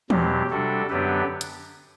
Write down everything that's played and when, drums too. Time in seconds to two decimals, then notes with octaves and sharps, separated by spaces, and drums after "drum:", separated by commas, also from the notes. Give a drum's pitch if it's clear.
0.10 E2 B2 F#3 C4 G4, drum: tom E3
0.50 C3 G3 D4 F#4 A4
0.90 F#2 D3 F#3 B3 D4 G4 B4
1.41 drum: hi-hat